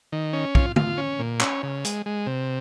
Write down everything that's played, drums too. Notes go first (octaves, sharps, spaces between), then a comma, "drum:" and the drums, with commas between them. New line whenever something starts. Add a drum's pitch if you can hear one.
D#3
C#4
F4, drum: kick
F4, drum: tom
C#4
A#2
C#4, drum: clap
C#3
G#3, drum: hi-hat
G#3
C3